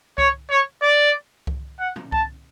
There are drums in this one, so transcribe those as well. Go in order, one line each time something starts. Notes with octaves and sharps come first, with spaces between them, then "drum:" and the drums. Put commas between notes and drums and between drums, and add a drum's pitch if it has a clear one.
C#5, drum: kick C2
C#5
D5
drum: kick C2
F#5
drum: tom
A5, drum: kick C2